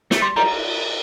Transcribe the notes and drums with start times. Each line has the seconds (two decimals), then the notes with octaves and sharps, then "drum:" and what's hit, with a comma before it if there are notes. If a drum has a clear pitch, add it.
0.11 A3, drum: snare
0.21 G3 C6
0.36 G3 A#5, drum: cymbal